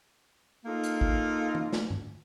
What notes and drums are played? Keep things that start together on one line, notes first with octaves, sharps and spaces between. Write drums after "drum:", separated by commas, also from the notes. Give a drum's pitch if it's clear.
A#3 D#4 F4 A4
drum: hi-hat
drum: kick
drum: tom E3
drum: snare
drum: tom G2